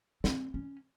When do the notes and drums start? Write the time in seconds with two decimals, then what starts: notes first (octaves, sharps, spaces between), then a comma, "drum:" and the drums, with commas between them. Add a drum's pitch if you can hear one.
0.24 C4, drum: snare
0.54 C#4